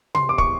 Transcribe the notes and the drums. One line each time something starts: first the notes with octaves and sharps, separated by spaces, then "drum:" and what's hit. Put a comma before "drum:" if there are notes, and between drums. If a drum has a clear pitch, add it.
C6, drum: tom C3
D6
C#6, drum: kick